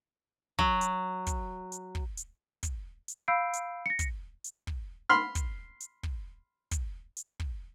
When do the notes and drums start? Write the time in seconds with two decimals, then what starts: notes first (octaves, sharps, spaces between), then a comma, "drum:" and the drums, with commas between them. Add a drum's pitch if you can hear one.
0.59 F#3, drum: kick
0.81 drum: hi-hat
1.27 drum: kick, hi-hat
1.72 drum: hi-hat
1.95 drum: kick
2.17 drum: hi-hat
2.63 drum: kick, hi-hat
3.08 drum: hi-hat
3.28 F5 B5 E6 G6 C7 D7
3.54 drum: hi-hat
3.86 A#6 C#7
3.99 drum: kick, hi-hat
4.44 drum: hi-hat
4.67 drum: kick
5.09 B5 C6 F6
5.35 drum: kick, hi-hat
5.81 drum: hi-hat
6.03 drum: kick
6.71 drum: kick, hi-hat
7.17 drum: hi-hat
7.40 drum: kick